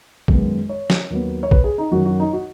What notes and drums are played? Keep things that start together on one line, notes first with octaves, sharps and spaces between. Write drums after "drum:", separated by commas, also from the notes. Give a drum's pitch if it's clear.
F#2 D#3 G#3 B3, drum: kick
C#5
drum: snare
D#2 D#3 F#3 B3
C#5
B4, drum: kick
G#4
D#4
F#2 D#3 F#3 F#4
F#4
D#4
F#4